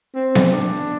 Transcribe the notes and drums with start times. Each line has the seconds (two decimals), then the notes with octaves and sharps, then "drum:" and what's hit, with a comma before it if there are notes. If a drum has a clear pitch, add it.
0.15 C4
0.35 drum: snare B3
0.52 D4